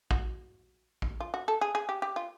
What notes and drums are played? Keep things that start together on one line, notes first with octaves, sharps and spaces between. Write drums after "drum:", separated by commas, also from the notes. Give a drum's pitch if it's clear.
F#4, drum: kick A#1
drum: kick A#1
F4
F#4
A4
G#4
G#4
G4
G4
F4